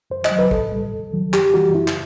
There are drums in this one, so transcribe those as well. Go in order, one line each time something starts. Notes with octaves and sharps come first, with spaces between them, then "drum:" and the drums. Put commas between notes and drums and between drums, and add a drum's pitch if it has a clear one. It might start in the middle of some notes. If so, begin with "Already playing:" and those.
F#2 C5
D#5, drum: clap
F#3
B4
A2 A4, drum: kick
G3
D#2
D#3 F#3
F#2 G4, drum: clap
E3 G3 F#4
F#2 E4
drum: clap